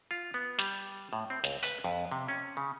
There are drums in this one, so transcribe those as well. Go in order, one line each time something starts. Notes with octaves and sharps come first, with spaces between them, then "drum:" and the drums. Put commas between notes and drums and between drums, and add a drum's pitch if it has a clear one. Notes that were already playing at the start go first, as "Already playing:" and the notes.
F4
B3
G3, drum: snare
A2
C4
C#2, drum: snare
B4, drum: hi-hat
F2
C3
C#4
C#3